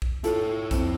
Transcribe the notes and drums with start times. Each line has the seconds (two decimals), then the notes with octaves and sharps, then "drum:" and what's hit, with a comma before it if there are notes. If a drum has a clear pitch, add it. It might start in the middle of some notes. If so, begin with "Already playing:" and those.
0.02 drum: kick
0.24 E4 F4 A4 C#5, drum: hi-hat
0.71 F2, drum: kick, hi-hat